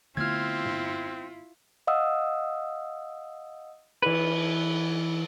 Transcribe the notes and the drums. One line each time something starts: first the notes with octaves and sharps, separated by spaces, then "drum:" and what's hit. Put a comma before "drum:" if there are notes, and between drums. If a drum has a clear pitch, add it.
D3 A3 B3 C4 E4 F4 F6 G#6
drum: tom G2
D#5 F5 F#5 D#6 E6
E3 B4, drum: cymbal